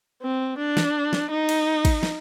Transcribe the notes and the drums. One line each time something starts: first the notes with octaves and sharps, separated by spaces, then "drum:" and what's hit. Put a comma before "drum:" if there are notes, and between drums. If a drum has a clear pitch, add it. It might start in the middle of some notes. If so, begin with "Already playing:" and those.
C4
D4
drum: snare
drum: snare
D#4
drum: cymbal
drum: kick, cymbal
drum: snare